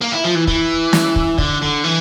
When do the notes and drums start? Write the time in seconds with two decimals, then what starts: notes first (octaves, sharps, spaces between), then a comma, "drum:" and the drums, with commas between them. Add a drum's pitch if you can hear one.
0.01 A#3
0.12 E4
0.24 F3
0.35 E3
0.47 E3, drum: kick
0.93 drum: snare
1.16 drum: kick
1.38 D3, drum: kick
1.62 D3
1.84 E3